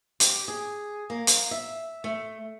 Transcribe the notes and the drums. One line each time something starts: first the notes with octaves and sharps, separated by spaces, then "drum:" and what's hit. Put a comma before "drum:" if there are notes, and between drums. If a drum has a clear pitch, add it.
G4, drum: hi-hat
G#4
A#3
drum: hi-hat
E5
A3